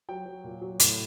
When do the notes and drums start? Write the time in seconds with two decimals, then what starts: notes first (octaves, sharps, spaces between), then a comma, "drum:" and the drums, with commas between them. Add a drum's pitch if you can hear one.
0.09 F#3 G5
0.26 F#3
0.44 A#2
0.62 F#3
0.80 A2, drum: hi-hat